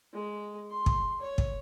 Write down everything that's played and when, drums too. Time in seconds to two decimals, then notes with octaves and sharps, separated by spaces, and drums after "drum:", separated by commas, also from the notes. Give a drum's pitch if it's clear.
0.14 G#3
0.71 C6
0.86 drum: kick
1.21 C#5
1.38 drum: kick